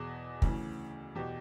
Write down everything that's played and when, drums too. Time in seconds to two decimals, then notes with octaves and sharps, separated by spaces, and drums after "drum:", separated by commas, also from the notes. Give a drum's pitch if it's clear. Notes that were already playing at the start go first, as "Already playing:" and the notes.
Already playing: E2 B2 G#4
0.42 D2 C#3 E3, drum: kick
1.15 E2 B2 G4